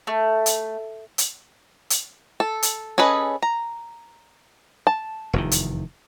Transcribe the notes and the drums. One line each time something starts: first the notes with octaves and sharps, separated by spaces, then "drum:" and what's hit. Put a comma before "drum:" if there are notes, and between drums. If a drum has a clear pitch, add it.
A3
drum: hi-hat
drum: hi-hat
drum: hi-hat
A4
drum: hi-hat
C#4 G#4 A4 B4 D#5
A#5
A5
F1 E2 D#3
drum: hi-hat